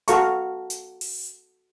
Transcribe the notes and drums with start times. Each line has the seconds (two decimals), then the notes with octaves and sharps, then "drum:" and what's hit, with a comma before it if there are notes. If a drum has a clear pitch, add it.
0.08 F#4 A4 F5 A#5 C#6, drum: hi-hat
0.70 drum: hi-hat
1.01 drum: open hi-hat